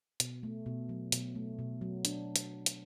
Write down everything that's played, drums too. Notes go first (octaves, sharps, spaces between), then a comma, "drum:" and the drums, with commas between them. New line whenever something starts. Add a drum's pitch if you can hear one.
B2, drum: hi-hat
A3
B2
F#3
B2, drum: hi-hat
A3
B2
F#3
D4, drum: hi-hat
drum: hi-hat
drum: hi-hat